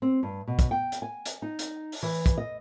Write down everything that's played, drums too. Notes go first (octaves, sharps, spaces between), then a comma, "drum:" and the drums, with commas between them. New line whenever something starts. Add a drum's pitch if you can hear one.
C4
G2
B2
drum: kick, hi-hat
G5
drum: hi-hat
G#5
drum: hi-hat
D#4
drum: hi-hat
drum: open hi-hat
E3
drum: kick, hi-hat
D#5